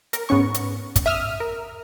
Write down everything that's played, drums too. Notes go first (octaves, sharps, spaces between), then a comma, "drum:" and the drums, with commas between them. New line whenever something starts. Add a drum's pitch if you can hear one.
A#4, drum: hi-hat
G#2 B3 C#4 C#6
drum: hi-hat
drum: kick, hi-hat
E5 D#6 F6
A#4